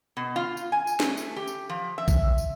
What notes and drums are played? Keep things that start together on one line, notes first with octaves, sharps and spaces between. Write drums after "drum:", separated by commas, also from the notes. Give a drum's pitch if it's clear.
B2
F4
drum: tambourine
G#5
drum: tambourine
A3, drum: snare
drum: tambourine
G4
drum: tambourine
F3
E5
drum: kick B1, tambourine
drum: tambourine